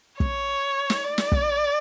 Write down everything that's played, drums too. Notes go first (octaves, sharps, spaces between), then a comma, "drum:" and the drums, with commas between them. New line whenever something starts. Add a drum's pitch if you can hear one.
C#5, drum: kick
drum: snare
D5
drum: snare
drum: kick